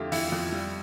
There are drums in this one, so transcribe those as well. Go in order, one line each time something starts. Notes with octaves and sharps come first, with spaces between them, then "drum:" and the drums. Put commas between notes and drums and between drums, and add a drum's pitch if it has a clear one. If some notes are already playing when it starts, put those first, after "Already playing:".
Already playing: F2 D3 A3 E4 F4 G4
F2 E4, drum: open hi-hat
F2
G3